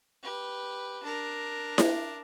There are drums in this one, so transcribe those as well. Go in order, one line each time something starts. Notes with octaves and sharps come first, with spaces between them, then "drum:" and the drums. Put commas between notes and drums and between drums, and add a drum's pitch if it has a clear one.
G4 B4
D4 A#4
drum: snare E4